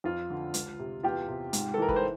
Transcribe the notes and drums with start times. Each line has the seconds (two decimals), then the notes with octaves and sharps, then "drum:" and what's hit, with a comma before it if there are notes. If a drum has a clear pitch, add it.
0.04 F2 F4
0.30 D3
0.54 C#2, drum: hi-hat
0.79 C3
1.03 E2 F4 G4
1.28 C3
1.53 G#2, drum: hi-hat
1.74 A4
1.78 E3 A#4
1.89 B4, drum: kick
1.96 C5